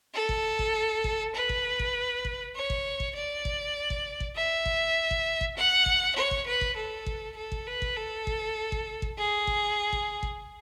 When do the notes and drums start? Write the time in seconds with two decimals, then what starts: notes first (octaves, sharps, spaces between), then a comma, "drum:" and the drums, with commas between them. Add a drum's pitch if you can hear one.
0.14 A4
0.29 drum: kick
0.59 drum: kick
1.04 drum: kick
1.34 B4
1.49 drum: kick
1.79 drum: kick
2.25 drum: kick
2.55 C#5
2.70 drum: kick
3.00 drum: kick
3.15 D5
3.45 drum: kick
3.90 drum: kick
4.20 drum: kick
4.36 E5
4.66 drum: kick
5.11 drum: kick
5.41 drum: kick
5.56 F#5
5.86 drum: kick
6.16 C#5
6.31 drum: kick
6.47 B4
6.61 drum: kick
6.76 A4
7.06 drum: kick
7.36 A4
7.52 drum: kick
7.67 B4
7.82 drum: kick
7.96 A4
8.27 drum: kick
8.72 drum: kick
9.02 drum: kick
9.18 G#4
9.47 drum: kick
9.93 drum: kick
10.23 drum: kick